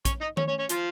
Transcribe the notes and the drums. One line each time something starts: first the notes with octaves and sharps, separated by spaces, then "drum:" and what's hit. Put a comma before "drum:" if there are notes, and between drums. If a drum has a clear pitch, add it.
C#4 C#5, drum: kick, hi-hat
D#4 D#5
C#4 C#5, drum: tom D#3
C#4 C#5
C#4 C#5
F3 F4, drum: hi-hat